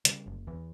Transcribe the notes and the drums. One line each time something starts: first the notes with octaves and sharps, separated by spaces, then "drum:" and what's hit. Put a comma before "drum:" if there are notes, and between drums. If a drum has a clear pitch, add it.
C#3 G3, drum: hi-hat
F#1
E2 E3